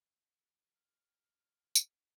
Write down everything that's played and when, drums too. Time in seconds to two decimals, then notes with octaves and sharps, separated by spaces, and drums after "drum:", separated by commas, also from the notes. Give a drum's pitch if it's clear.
0.75 F6
1.75 drum: tambourine